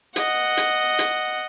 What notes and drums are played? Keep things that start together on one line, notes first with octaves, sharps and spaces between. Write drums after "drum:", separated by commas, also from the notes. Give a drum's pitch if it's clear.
D#5 F#5, drum: hi-hat
drum: hi-hat
drum: hi-hat